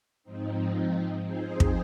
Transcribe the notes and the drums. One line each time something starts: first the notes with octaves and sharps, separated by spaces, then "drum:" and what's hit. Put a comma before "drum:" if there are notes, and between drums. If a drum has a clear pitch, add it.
G#2 F3 C4 D#4
F3 C4 D#4 G#4 C5
drum: kick